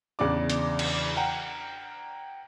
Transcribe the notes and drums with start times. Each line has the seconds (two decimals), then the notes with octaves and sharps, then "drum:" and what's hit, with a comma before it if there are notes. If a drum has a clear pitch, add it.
0.19 E2 C#3 D4 D6
0.50 drum: hi-hat
0.79 drum: cymbal
1.16 F#5 G5 A#5